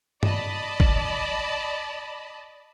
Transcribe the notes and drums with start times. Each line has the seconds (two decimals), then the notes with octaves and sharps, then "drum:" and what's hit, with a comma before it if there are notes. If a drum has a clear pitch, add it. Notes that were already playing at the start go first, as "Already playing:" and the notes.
0.23 D5 D#5 A5 B5, drum: tom G2
0.80 drum: kick